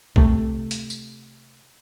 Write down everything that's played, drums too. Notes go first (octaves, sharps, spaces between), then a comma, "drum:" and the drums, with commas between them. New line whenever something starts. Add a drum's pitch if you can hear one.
C3 A3, drum: kick
drum: hi-hat
drum: tambourine